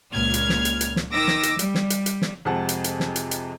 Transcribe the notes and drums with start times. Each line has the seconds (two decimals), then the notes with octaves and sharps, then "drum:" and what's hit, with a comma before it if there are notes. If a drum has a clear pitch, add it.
0.12 C#2 A#2 F6 G#6
0.34 drum: hi-hat
0.49 drum: snare
0.65 drum: hi-hat
0.81 drum: hi-hat
0.96 drum: snare
1.11 D#3 D6 E6 A#6
1.28 drum: snare
1.43 drum: hi-hat
1.59 G3, drum: hi-hat
1.75 drum: snare
1.90 drum: hi-hat
2.06 drum: hi-hat
2.22 drum: snare
2.45 F2 C3 G#3 G#4 F#5 A5
2.69 drum: hi-hat
2.84 drum: hi-hat
3.00 drum: snare
3.16 drum: hi-hat
3.31 drum: hi-hat